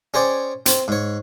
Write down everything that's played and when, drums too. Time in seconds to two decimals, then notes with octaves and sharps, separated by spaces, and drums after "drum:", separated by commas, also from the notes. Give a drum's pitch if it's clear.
0.14 C#4 G#4 C5 D5 G5
0.66 C4, drum: hi-hat
0.88 G#2 C#5